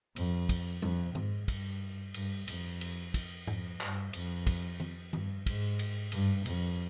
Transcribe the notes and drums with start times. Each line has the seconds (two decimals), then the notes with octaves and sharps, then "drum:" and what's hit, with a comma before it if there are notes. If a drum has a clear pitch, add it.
0.16 F2, drum: cymbal
0.49 drum: kick, cymbal
0.82 F2, drum: tom
1.15 G#2, drum: tom D#3
1.48 G2, drum: kick, cymbal
2.14 G2, drum: cymbal
2.48 F2, drum: cymbal
2.81 drum: cymbal
3.14 drum: kick, cymbal
3.47 F2, drum: tom G#2
3.81 G2, drum: clap
4.13 F2, drum: cymbal
4.47 drum: kick, cymbal
4.80 drum: tom D#3
5.13 G2, drum: tom D#3
5.46 G#2, drum: kick, cymbal
5.79 drum: cymbal
6.12 G2, drum: cymbal
6.46 F2, drum: cymbal